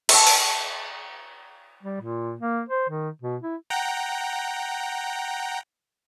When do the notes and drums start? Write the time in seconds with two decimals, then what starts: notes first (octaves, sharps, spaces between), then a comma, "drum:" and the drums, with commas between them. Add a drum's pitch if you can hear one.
0.09 E5 A5, drum: cymbal
0.27 drum: open hi-hat
1.83 G3
2.00 A#2
2.40 A#3
2.68 C5
2.89 D#3
3.22 B2
3.42 E4
3.70 F#5 G5 A#5